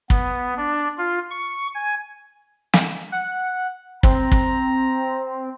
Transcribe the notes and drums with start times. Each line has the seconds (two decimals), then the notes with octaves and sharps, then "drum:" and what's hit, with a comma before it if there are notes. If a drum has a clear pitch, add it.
0.10 B3, drum: kick
0.57 D4
0.98 F4
1.31 C#6
1.74 G#5
2.73 drum: snare
3.12 F#5
4.03 C4 A#5, drum: kick
4.32 drum: kick